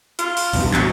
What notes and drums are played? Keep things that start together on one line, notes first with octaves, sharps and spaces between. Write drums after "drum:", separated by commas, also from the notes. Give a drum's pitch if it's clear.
F4, drum: hi-hat
drum: open hi-hat
B1 E2 G2, drum: open hi-hat
A1 E2 F#3, drum: clap